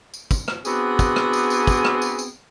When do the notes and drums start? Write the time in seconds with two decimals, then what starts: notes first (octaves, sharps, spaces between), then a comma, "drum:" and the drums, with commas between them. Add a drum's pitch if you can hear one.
0.14 drum: tambourine
0.31 drum: kick, tambourine
0.48 drum: rim click
0.65 B3 C4 D4 F#4 G#4, drum: tambourine
0.99 drum: kick, tambourine
1.16 drum: rim click
1.33 drum: tambourine
1.50 drum: tambourine
1.67 drum: kick, tambourine
1.85 drum: rim click
2.02 drum: tambourine
2.19 drum: tambourine